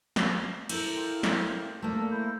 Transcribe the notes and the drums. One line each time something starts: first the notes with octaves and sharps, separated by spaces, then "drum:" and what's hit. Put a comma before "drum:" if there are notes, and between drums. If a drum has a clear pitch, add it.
drum: snare
E4 A4 A#4 C5 D6, drum: cymbal
F4 C5 G5
drum: snare
A3 A#3 D4 A4
E4 C5